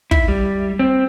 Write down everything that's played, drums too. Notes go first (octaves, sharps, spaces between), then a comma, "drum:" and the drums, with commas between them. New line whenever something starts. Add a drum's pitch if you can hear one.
E4, drum: kick
G3
C4